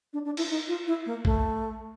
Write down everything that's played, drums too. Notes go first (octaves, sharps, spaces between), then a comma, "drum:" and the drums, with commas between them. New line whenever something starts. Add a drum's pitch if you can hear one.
D4
D4
E4, drum: cymbal
D#4
F4
E4
A#3
A3, drum: kick A1